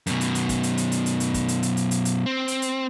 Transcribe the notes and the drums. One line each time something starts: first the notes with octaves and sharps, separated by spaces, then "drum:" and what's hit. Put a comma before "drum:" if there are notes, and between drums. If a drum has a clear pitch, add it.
F#2 B2, drum: hi-hat
drum: hi-hat
drum: hi-hat
drum: kick, hi-hat
drum: hi-hat
drum: hi-hat
drum: hi-hat
drum: hi-hat
drum: hi-hat
drum: kick, hi-hat
drum: hi-hat
drum: hi-hat
drum: hi-hat
drum: hi-hat
drum: hi-hat
C4
drum: hi-hat
drum: hi-hat